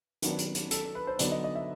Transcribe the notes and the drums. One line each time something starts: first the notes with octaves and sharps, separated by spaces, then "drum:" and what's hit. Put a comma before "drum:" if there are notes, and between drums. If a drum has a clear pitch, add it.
D#3 F#3 B3 D4, drum: hi-hat
drum: hi-hat
drum: hi-hat
A4, drum: hi-hat
B4
C5
D3 F#3 B3 D#4 D5, drum: hi-hat
D#5
D#5
E5